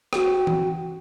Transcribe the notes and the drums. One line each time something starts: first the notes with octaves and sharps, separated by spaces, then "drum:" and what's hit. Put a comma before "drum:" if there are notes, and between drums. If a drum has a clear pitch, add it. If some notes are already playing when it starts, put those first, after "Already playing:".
F#4 G5, drum: rim click
drum: tom E3